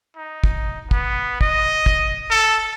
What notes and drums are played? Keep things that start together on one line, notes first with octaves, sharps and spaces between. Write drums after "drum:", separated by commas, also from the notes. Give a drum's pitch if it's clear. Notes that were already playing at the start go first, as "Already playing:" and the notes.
D#4
drum: kick
B3, drum: kick
D#5, drum: kick
drum: kick
A4